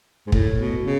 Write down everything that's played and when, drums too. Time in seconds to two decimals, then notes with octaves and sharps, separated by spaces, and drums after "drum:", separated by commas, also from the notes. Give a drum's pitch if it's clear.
0.27 G#2
0.32 A2, drum: kick
0.59 B2
0.84 C#3